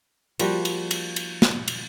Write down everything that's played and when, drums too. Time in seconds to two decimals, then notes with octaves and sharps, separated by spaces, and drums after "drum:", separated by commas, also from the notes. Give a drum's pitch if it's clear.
0.39 F3 G3 A#3 F#4, drum: cymbal
0.65 drum: cymbal
0.91 drum: cymbal
1.16 drum: cymbal
1.42 drum: snare
1.68 drum: cymbal